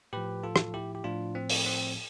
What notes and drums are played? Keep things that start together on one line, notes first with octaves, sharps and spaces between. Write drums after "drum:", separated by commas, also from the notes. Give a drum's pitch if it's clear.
A2 F3 G4 B4
F4 A4
drum: rim click
E4 G4
G4
A2 F3 D4 F4
C4
drum: open hi-hat
C4